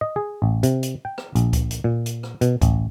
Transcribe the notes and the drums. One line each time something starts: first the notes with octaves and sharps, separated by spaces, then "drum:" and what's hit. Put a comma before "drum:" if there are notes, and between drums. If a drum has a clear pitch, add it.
D#5
G#4
A1
C3, drum: hi-hat
drum: hi-hat
G5
drum: rim click
A#1, drum: hi-hat
drum: kick C#2, hi-hat
drum: hi-hat
A#2
drum: hi-hat
drum: rim click
B2, drum: hi-hat
A1, drum: kick C#2, hi-hat